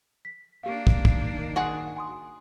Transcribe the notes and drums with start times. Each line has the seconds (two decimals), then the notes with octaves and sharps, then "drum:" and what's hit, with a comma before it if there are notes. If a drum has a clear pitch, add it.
0.25 B6
0.63 A#3 D4 G4 F5
0.87 drum: kick
1.05 D#3, drum: kick
1.56 F#4 G#4 F#5 C6 F#6
1.96 G#5 C6 D#6